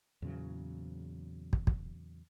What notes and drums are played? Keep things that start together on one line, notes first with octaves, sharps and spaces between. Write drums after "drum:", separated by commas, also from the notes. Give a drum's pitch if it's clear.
E2 A#2 C#3 F#3
drum: kick
drum: kick